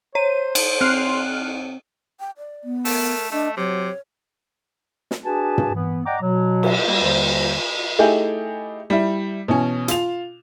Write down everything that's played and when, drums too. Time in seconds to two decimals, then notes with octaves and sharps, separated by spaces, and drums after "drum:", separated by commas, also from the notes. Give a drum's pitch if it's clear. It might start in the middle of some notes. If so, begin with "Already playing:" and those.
0.15 C5 C#5 D#7
0.55 drum: cymbal
0.81 C4 C6 F6 F#6
2.20 G5
2.38 D5
2.64 B3
2.85 A3 A#4, drum: open hi-hat
3.32 A3 D4 D#5
3.57 C3 F#3 C#5
5.11 drum: snare
5.24 D4 F#4 G#4 B4 G#5 A5
5.58 drum: tom
5.73 E3 B3
6.05 D5 D#5 F#5 G5 A#5 D6
6.21 B2 F#3
6.63 drum: cymbal
6.87 G3 A#3
7.02 D#2 D3 G3 C5
7.99 A3 D#4 E4 G4 G#4
8.90 G3 E4
9.48 B2 E3 C#4
9.88 F4 F7, drum: hi-hat